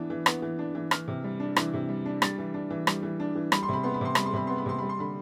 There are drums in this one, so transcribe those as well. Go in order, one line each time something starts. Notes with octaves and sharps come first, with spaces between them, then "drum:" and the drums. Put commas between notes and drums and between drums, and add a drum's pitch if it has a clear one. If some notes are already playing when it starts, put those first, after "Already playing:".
Already playing: E3 B3 D4
E3
B3, drum: rim click
E3
D4
E3
E3 F6, drum: rim click
C3
G3
D4
E3, drum: rim click
C3
G3
D4
G3 A6, drum: rim click
E3
D4
E3
G3, drum: rim click
E3
D4
E3
G3 B5, drum: rim click
C6
C3 B5
B3 C6
B5
C3 C6
G3 B5, drum: rim click
C6
C3 B5
B3 C6
B5
C3 C6
G3 B5
C6
D3 B5